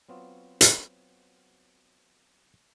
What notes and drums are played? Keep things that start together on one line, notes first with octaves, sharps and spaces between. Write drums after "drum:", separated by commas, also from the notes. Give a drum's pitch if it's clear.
F#3 B3 C4 F4 F#4
drum: hi-hat